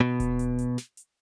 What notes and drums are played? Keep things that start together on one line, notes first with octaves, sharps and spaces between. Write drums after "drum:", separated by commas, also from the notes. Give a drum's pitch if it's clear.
B2
drum: kick D#1, hi-hat
drum: hi-hat
drum: hi-hat
drum: snare
drum: hi-hat